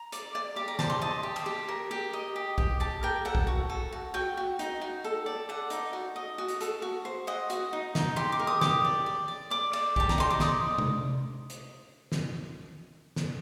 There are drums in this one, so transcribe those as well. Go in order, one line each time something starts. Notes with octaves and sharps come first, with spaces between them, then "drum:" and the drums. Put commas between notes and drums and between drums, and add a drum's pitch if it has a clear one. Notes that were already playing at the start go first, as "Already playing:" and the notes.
Already playing: A#5
D5, drum: hi-hat
D5
G4 D6
A#5
C5 A5, drum: snare
C6
D#5 A5
G4
drum: cymbal
G4
A#4
G4
D#5
G4
G4, drum: kick A#1
G4 A5
A#4 G5
A4 F#5
drum: kick A#1
F#4
A4
F#4
F#4 G5
F#4
D#4, drum: hi-hat
F#4
A4
D5
A4 F#5
D#4, drum: hi-hat
F#4
D#5
F#4
drum: hi-hat
A4, drum: hi-hat
F#4
C5
D#5 F#5
F#4, drum: hi-hat
D#4
D#4, drum: snare
G4 C6
D6
A#4
D#6
G4 D6, drum: snare
D5
D5
D5
D5 D6
D5, drum: cymbal
G4 A5, drum: kick A#1
A#5, drum: snare
D#4 C6
D6
D5 D#6, drum: snare
drum: tom C3
drum: hi-hat
drum: snare
drum: snare